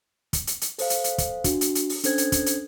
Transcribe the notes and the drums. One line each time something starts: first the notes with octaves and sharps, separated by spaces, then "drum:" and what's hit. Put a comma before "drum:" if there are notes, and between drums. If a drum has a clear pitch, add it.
drum: kick, hi-hat
drum: hi-hat
drum: hi-hat
A4 C5 F5, drum: open hi-hat
drum: hi-hat
drum: hi-hat
drum: kick, hi-hat
D4 F#4, drum: kick, hi-hat
drum: hi-hat
drum: hi-hat
drum: open hi-hat
C#4 D4 A4 C5 G#6, drum: hi-hat
drum: hi-hat
drum: kick, hi-hat
drum: hi-hat